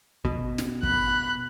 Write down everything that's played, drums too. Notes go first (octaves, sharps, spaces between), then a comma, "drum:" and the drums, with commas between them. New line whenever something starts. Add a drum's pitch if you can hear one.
B2, drum: kick
drum: snare
B5 F#6, drum: kick